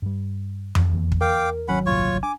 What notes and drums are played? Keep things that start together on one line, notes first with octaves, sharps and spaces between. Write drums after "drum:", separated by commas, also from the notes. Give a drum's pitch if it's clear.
G2 G3
drum: tom F2
E2 E3 A#3
drum: kick
A#4 F5 G5 D6
G#1 F#3 C#4 F#5 B5
F#1 C2 A#2 F4 C#5 C#6
D4 G#5 D6